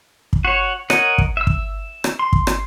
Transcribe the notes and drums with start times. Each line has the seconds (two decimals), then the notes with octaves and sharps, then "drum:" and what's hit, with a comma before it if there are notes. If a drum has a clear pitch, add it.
0.33 drum: kick
0.45 F#4 C#5
0.90 A#4 C#5 D#5 F#5, drum: rim click
1.18 drum: kick
1.37 E5 E6
1.47 drum: kick
2.04 drum: rim click
2.19 C6
2.33 drum: kick
2.47 drum: rim click